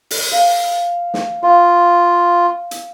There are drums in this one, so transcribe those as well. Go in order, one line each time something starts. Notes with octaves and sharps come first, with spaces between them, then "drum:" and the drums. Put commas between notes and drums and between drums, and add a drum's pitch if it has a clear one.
drum: open hi-hat
F5
drum: snare
F4 F5
drum: hi-hat